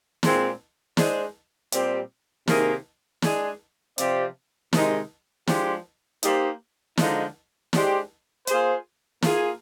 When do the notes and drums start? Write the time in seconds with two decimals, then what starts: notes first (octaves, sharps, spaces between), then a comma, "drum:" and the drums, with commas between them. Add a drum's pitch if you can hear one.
0.23 A#2 G#3 C4, drum: snare
0.97 G#3 D4 G#4 C5, drum: snare
1.72 A#2 G3 C4 G4, drum: hi-hat
2.48 C3 D#3 A#3 D#4 G#4, drum: snare
3.22 G#3 D4 G#4, drum: snare
3.98 C3 F3 C4 G4 D5, drum: hi-hat
4.73 C3 D#3 G#3 D#4, drum: snare
5.47 F3 G#3 D4 G4, drum: snare
6.23 A#3 D#4 G4 C5, drum: hi-hat
6.97 D3 F3 G#3 D#4, drum: snare
7.73 G#3 D4 G4 C5, drum: snare
8.47 A#3 F4 G#4 C5, drum: hi-hat
9.22 A#3 F4 G#4, drum: snare